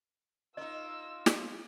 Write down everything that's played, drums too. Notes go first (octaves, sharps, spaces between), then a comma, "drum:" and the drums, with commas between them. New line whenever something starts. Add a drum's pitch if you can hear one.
A#3 D#4 F4 D#5 E6
drum: snare